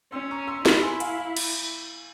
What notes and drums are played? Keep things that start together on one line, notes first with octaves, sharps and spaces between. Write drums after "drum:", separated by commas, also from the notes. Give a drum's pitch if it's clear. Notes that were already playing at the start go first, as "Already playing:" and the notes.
C#4 C6 E6
A#5 C#6
C6 E6
E4 C6 E6, drum: snare
G#5 C6
F5 G#5, drum: hi-hat
F5
drum: cymbal